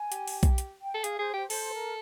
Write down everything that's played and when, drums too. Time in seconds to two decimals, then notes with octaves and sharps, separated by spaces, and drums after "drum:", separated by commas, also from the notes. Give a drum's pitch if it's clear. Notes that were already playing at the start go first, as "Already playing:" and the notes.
Already playing: G#5
0.12 G4, drum: hi-hat
0.27 drum: open hi-hat
0.43 drum: kick B1, hi-hat
0.58 drum: hi-hat
0.80 G5
0.94 A4
1.04 G#4 F5, drum: hi-hat
1.19 G#4 C5
1.34 G4 C5
1.50 A4 C5, drum: open hi-hat
1.72 A#4